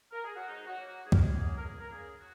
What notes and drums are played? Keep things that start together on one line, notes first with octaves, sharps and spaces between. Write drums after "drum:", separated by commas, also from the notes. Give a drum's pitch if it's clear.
A#4
G#4
F#4
G#2 D#4
G#4
F#4
F#3 A#3
F#4
G#2 G#4
A#4, drum: kick C#2
G#4
F#3 A#3 G#4
A#4
C#2 G#4
A#4
C#3 A#3 G#4
F#4